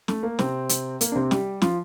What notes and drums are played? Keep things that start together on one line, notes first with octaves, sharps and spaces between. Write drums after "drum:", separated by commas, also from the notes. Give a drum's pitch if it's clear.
A3, drum: snare
A#3
C3 C4, drum: snare
drum: hi-hat
A#3, drum: hi-hat
D4
C3 C4
G3 G4, drum: snare
F3 F4, drum: snare